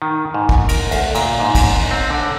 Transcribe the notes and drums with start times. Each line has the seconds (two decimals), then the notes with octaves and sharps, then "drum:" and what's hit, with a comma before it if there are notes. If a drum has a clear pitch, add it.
0.02 D#3
0.34 G#2
0.49 drum: kick
0.69 A#4, drum: cymbal
0.91 D2, drum: cymbal
1.15 A#2, drum: cymbal
1.40 G#2
1.55 drum: kick, cymbal
1.91 C4
2.10 D3